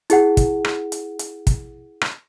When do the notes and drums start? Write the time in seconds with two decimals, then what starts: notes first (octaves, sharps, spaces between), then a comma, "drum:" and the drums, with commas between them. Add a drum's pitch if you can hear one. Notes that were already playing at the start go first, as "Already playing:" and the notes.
0.10 E4 G#4 F#5, drum: hi-hat
0.37 drum: kick, hi-hat
0.65 drum: rim click
0.92 drum: hi-hat
1.19 drum: hi-hat
1.47 drum: kick, hi-hat
2.01 drum: rim click